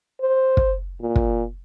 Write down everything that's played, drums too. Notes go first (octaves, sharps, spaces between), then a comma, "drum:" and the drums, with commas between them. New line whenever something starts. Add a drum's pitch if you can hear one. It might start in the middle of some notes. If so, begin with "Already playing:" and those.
C5
drum: kick
A#2
drum: kick